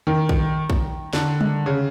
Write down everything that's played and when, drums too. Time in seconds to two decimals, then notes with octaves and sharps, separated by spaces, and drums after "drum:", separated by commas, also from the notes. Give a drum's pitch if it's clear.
0.07 D#3
0.29 drum: kick
0.70 drum: kick
1.13 D3, drum: snare
1.41 drum: tom G3
1.66 C#3